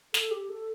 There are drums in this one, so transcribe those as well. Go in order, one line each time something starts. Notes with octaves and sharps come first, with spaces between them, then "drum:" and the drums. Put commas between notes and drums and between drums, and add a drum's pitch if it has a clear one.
A4, drum: snare
G4
A4